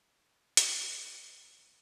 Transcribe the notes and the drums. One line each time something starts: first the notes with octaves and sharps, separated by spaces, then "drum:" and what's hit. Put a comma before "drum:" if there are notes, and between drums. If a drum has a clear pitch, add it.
drum: hi-hat
B4